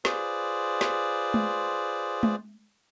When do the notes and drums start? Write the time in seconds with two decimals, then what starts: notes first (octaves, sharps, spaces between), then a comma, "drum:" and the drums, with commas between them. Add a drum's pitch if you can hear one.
0.05 F4 G#4 B4 C5 D5, drum: snare
0.81 drum: snare
1.34 drum: tom G#3
2.23 drum: tom G#3